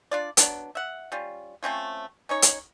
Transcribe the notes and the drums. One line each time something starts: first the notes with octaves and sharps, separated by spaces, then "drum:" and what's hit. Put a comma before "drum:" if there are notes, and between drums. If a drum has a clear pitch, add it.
D4 F4 D5
F#3 B3 D4, drum: hi-hat
E5 F#5
G3 C#4 F4
A3 C4 C#4 F4
C#4 D#4 C#5
drum: hi-hat